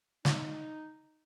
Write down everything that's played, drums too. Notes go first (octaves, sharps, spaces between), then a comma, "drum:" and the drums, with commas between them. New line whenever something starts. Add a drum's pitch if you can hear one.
D#4, drum: snare